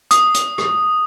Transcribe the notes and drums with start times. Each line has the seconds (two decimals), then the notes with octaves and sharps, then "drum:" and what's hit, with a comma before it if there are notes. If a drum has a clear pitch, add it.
0.11 D#6, drum: hi-hat
0.34 drum: hi-hat
0.58 drum: rim click